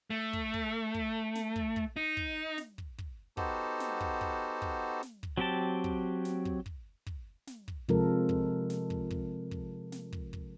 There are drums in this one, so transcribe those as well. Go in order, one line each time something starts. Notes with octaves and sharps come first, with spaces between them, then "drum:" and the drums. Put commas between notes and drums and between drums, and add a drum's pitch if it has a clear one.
A3
drum: kick
drum: kick
drum: kick
drum: snare
drum: kick
drum: kick
D#4
drum: kick
drum: snare
drum: kick
drum: kick
B3 D#4 F#4 G4 A4 C5, drum: kick
drum: snare
drum: kick
drum: kick
drum: kick
drum: snare
drum: kick
F#3 C4 G4 G5 A5
drum: kick
drum: snare
drum: kick
drum: kick
drum: kick
drum: snare
drum: kick
C3 F3 G#3 F4 A4 A#4, drum: kick
drum: kick
drum: snare
drum: kick
drum: kick
drum: kick
drum: snare
drum: kick
drum: kick